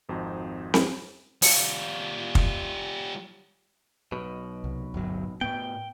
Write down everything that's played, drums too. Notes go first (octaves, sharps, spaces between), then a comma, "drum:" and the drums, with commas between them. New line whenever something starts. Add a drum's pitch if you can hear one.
G#1 F2 D#4 F#4 C5
drum: snare C4
G3 F4, drum: open hi-hat
drum: kick
B1 B2
C2
D1 G1 F#3
A2 B3 G5